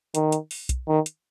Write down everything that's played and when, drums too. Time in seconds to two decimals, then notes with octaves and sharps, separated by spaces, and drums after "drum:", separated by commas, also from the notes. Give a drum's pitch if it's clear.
0.15 D#3, drum: hi-hat
0.32 drum: hi-hat
0.51 drum: open hi-hat
0.69 drum: kick B1, hi-hat
0.88 D#3
1.06 drum: hi-hat